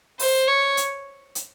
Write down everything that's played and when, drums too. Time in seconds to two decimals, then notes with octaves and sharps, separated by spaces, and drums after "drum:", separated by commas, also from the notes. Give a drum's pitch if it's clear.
0.19 C5, drum: open hi-hat
0.48 C#5
0.77 drum: hi-hat
1.35 drum: hi-hat